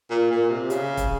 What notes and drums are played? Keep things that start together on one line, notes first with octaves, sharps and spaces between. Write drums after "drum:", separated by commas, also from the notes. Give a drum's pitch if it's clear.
A#2
A#2
C3
C#3, drum: hi-hat
drum: kick, hi-hat